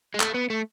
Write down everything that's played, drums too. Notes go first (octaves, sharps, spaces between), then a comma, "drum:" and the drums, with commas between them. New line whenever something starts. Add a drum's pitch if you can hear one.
G#3
A3, drum: clap
B3
A3